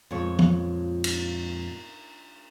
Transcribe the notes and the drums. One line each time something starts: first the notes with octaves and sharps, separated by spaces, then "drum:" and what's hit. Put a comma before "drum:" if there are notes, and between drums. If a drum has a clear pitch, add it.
F2 A#2 G#3 C#5
drum: tom
drum: cymbal